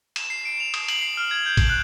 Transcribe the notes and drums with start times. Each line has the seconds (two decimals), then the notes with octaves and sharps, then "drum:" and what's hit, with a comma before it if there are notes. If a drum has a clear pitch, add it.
0.16 E7, drum: cymbal
0.30 C7
0.45 D7
0.60 F7
0.74 D#6, drum: cymbal
0.88 F#7, drum: cymbal
1.01 C7
1.17 F6
1.31 G#6
1.46 G6
1.57 F#7, drum: kick, cymbal
1.69 F#6